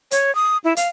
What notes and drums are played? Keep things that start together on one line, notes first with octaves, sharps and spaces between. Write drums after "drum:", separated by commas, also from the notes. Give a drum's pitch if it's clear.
C#5, drum: hi-hat
D#6
E4
F5, drum: hi-hat